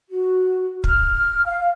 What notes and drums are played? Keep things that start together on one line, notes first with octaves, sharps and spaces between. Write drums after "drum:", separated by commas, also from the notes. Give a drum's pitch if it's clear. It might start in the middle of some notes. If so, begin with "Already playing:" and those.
F#4
F6, drum: kick
F5